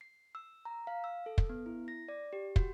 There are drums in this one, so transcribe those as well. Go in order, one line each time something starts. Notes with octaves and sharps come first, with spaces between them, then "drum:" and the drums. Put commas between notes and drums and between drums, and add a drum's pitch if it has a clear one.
C7
E6
A#5
F5
E6
A4
drum: kick
B3
E4
A#6
D5
G4
F#4, drum: kick